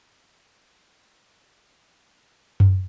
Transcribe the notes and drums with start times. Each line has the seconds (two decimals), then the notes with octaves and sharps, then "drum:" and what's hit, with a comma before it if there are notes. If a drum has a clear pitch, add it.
0.21 F4 G4 C5 E5 D6
2.60 drum: tom F#2